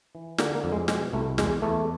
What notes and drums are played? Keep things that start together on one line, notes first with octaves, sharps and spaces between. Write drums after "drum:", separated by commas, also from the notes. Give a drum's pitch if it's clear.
E3
D3 A#3, drum: snare
A#3
F2
G#3
B2 G#3, drum: snare
C2 A3
E2 G#3, drum: snare
E2 A3